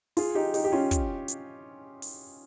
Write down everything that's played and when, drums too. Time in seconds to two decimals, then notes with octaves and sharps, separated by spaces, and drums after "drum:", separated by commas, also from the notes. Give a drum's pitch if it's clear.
0.17 F4 G#4, drum: open hi-hat
0.35 D#4 G4
0.54 D#4 G4, drum: open hi-hat
0.64 G4
0.72 C#4 F4
0.91 drum: kick, hi-hat
1.28 drum: hi-hat
2.02 drum: open hi-hat